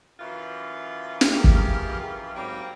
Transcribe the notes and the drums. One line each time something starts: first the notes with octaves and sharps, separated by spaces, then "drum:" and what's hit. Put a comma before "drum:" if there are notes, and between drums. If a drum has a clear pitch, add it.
F#2 E3 F4
drum: snare
G4 G#4 A#4
drum: kick
G#2 F#3 G3 A#3 C4 G5